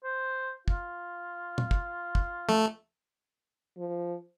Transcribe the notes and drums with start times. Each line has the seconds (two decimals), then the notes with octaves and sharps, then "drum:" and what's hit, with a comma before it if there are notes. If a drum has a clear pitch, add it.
0.04 C5
0.68 F4, drum: kick
1.58 drum: tom
1.71 drum: kick
2.15 drum: kick
2.49 A3, drum: tom
3.78 F3